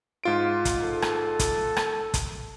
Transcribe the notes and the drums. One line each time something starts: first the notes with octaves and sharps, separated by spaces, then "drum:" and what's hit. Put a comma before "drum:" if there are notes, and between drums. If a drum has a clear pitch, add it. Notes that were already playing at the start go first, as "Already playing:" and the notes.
G#2 F4 D7
drum: kick, hi-hat
A4
drum: rim click
drum: kick, hi-hat
drum: rim click
drum: kick, hi-hat